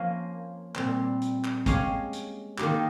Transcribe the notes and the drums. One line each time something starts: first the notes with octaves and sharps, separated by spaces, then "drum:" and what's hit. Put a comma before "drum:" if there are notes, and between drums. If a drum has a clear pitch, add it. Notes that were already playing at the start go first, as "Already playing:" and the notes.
Already playing: F3 A#3 C#4 F4 C5
A#2 G3 C4, drum: clap
drum: hi-hat
drum: clap
G#3 C#4 G4 C#5 F5, drum: kick, hi-hat
drum: hi-hat
D#3 A#3 D#4 G4, drum: clap